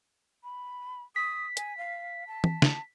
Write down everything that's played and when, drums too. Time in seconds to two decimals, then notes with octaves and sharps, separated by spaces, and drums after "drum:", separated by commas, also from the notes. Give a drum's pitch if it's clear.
0.44 B5
1.16 D#6 B6
1.57 G#5, drum: hi-hat
1.78 F5
2.27 A5
2.44 drum: tom
2.62 drum: snare